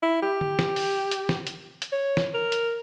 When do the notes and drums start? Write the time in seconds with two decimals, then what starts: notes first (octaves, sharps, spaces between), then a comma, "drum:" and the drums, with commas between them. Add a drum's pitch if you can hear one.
0.03 E4
0.22 G4
0.41 drum: tom D3
0.59 drum: snare
0.76 drum: open hi-hat
1.11 drum: hi-hat
1.29 drum: snare
1.47 drum: hi-hat
1.82 drum: hi-hat
1.93 C#5
2.17 drum: snare
2.35 A#4
2.52 drum: hi-hat